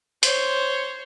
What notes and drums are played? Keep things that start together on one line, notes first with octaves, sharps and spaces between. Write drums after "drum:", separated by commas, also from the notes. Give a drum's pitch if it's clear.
C5 C#5, drum: hi-hat